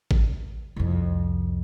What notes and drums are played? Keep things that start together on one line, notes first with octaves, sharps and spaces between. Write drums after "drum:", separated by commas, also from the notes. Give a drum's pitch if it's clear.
drum: kick G#1
C2 F2